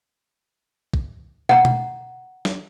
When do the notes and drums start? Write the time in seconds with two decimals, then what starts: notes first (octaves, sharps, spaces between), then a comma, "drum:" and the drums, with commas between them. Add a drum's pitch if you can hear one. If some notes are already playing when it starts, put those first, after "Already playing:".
0.94 drum: kick
1.49 F#5 A#5, drum: tom
1.65 drum: tom B2
2.45 drum: snare